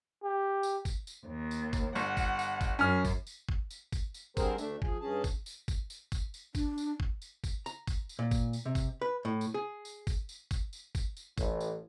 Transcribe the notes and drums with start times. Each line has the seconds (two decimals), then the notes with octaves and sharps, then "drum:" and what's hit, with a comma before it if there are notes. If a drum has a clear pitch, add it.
0.24 G4
0.63 drum: tambourine
0.85 drum: kick, tambourine
1.07 drum: tambourine
1.26 D#2
1.51 drum: tambourine
1.73 drum: kick, tambourine
1.95 G1 F#5, drum: tambourine
2.17 drum: kick, tambourine
2.39 drum: tambourine
2.61 drum: kick, tambourine
2.79 F#2 C#4 F6
3.05 drum: kick, tambourine
3.27 drum: tambourine
3.49 drum: kick
3.70 drum: tambourine
3.92 drum: kick, tambourine
4.14 drum: tambourine
4.37 D3 G3 C4 G#4 A#4 C5, drum: kick, tambourine
4.58 D2 A3 D4 E5, drum: tambourine
4.82 F3 G#4, drum: kick
5.01 G2 C#4 G#4 A5
5.24 drum: kick, tambourine
5.46 drum: tambourine
5.68 drum: kick, tambourine
5.90 drum: tambourine
6.12 drum: kick, tambourine
6.34 drum: tambourine
6.55 D4, drum: kick, tambourine
6.78 drum: tambourine
7.00 drum: kick
7.22 drum: tambourine
7.44 drum: kick, tambourine
7.66 A#5, drum: tambourine
7.87 drum: kick, tambourine
8.09 drum: tambourine
8.19 A#2
8.31 drum: kick, tambourine
8.53 drum: tambourine
8.65 C3
8.75 drum: kick, tambourine
9.01 B4
9.25 A2
9.41 drum: tambourine
9.54 G#4
9.85 drum: tambourine
10.07 drum: kick, tambourine
10.29 drum: tambourine
10.51 drum: kick, tambourine
10.73 drum: tambourine
10.95 drum: kick, tambourine
11.17 drum: tambourine
11.38 A1, drum: kick, tambourine
11.61 drum: tambourine